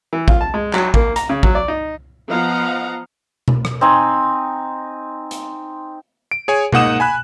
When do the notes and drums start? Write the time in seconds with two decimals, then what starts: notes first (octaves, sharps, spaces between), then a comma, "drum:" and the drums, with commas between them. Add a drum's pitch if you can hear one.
0.13 E3
0.28 F4, drum: kick A1
0.41 A5
0.54 G#3
0.74 F#3, drum: clap
0.94 A#3, drum: kick A1
1.16 A#5, drum: hi-hat
1.29 C#3
1.43 F#3, drum: kick A1
1.55 D5
1.68 D#4
2.28 F3 B3 D#5 F5 F#5 A#5
3.48 drum: tom B2
3.65 drum: rim click
3.81 C4 D#4 G#5
5.31 drum: hi-hat
6.31 D7
6.48 G#4 C#5 G#5
6.72 G#2 A#3 D#4 F#5 D#6 E7, drum: tom B2
7.00 G#5 B5 F#6